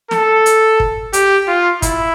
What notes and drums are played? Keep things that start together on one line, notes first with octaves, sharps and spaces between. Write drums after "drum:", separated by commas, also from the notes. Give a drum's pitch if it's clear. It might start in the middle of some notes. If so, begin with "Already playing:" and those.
A4, drum: snare
drum: hi-hat
drum: kick
G4, drum: hi-hat
F4
E4, drum: kick, hi-hat